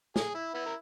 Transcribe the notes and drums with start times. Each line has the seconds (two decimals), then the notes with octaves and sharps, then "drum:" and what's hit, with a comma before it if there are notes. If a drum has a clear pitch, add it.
0.16 G#4, drum: snare
0.35 E4
0.54 B3 E4
0.66 A#4